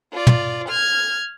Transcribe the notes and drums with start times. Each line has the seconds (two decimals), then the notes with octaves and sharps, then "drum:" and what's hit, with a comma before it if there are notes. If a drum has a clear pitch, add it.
0.13 F4 D5
0.27 drum: tom
0.69 F6 G#6